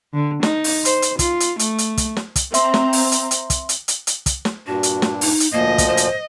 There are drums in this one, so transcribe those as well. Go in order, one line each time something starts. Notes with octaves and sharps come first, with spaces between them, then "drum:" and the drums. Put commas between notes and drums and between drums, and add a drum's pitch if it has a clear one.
D3
D#4, drum: snare
drum: open hi-hat
C5, drum: hi-hat
drum: hi-hat
F4, drum: kick, hi-hat
drum: hi-hat
A3, drum: hi-hat
drum: hi-hat
drum: kick, hi-hat
drum: snare
drum: kick, hi-hat
C4 E5 A#5 C6, drum: hi-hat
drum: snare
drum: open hi-hat
drum: hi-hat
drum: hi-hat
drum: kick, hi-hat
drum: hi-hat
drum: hi-hat
drum: hi-hat
drum: kick, hi-hat
drum: snare
G2 A#2 D4 F#4
drum: hi-hat
drum: snare
D#4, drum: open hi-hat
drum: hi-hat
D2 A#2 F3 A#3 D#5
drum: kick, hi-hat
C5
drum: hi-hat